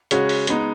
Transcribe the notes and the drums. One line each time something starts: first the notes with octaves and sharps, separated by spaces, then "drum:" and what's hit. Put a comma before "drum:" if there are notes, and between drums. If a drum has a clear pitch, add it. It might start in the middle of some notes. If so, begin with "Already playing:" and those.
C#3 G#3 C#4 F#4, drum: hi-hat
drum: open hi-hat
G#3 B3 D#4, drum: hi-hat